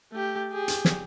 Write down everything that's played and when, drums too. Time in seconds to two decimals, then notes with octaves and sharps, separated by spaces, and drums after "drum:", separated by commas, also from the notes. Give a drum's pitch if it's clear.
0.12 A3 G4
0.51 G4 G#4
0.68 drum: hi-hat
0.85 drum: snare